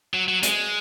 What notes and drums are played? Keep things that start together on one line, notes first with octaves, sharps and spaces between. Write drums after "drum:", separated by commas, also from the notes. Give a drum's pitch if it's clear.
F#3
F#3
G#3, drum: hi-hat